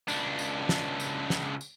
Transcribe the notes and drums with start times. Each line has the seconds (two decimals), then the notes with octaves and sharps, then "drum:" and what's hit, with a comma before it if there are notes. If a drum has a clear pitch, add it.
0.08 C#2 D4, drum: tambourine
0.39 drum: tambourine
0.69 drum: snare
1.00 drum: tambourine
1.30 drum: snare
1.61 drum: tambourine